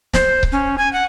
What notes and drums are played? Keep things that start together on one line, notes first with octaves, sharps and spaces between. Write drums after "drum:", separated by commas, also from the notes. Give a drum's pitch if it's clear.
C5, drum: snare
drum: kick C#1
C#4
G#5
F#5